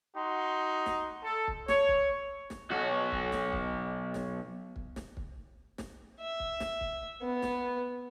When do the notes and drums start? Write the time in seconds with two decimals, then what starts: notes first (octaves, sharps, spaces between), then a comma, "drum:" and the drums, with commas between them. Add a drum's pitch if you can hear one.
0.16 D#4 F#4 C6
0.86 drum: snare
1.23 A4
1.48 drum: kick
1.68 C#5, drum: snare
1.89 drum: kick
2.50 drum: snare
2.71 B1 F#4
3.12 drum: kick
3.32 drum: snare
3.53 drum: kick
4.14 drum: snare
4.76 drum: kick
4.96 drum: snare
5.17 drum: kick
5.78 drum: snare
6.21 E5
6.40 drum: kick
6.60 drum: snare
6.81 drum: kick
7.22 B3
7.42 drum: snare